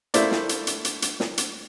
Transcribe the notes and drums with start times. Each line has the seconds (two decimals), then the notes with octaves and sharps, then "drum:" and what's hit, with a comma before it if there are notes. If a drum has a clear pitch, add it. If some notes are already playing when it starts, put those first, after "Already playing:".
0.14 A3 A#3 E4 C5 D5, drum: hi-hat
0.32 drum: snare
0.49 drum: hi-hat
0.67 drum: hi-hat
0.85 drum: hi-hat
1.02 drum: hi-hat
1.20 drum: snare
1.38 drum: hi-hat